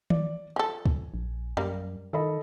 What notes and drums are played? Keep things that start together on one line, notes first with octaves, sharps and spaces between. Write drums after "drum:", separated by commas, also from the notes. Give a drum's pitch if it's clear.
D5, drum: tom D#3
F3 A4 G#5
drum: kick
A#1
F#2 G3 A#3
D#3 A4 D#5 B5